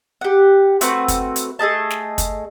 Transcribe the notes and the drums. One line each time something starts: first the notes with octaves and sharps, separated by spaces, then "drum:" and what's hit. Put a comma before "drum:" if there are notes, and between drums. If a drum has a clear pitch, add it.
G4 F#5
A3 C4 F#4 B4, drum: hi-hat
drum: kick, hi-hat
drum: hi-hat
A3 G#4 D#5 A5
drum: snare
drum: kick, hi-hat